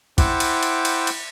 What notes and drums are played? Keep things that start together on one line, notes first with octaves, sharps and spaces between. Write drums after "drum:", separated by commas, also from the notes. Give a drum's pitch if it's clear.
E4 C5 F#5 G5 D6, drum: kick, cymbal
drum: cymbal
drum: cymbal
drum: cymbal
drum: cymbal